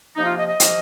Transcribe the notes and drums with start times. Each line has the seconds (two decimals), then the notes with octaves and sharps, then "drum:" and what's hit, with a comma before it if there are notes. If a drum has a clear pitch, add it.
0.15 C3 F3 A#3 D#4
0.26 F4
0.38 D#5
0.48 D#5
0.60 C3 F3 A#3, drum: hi-hat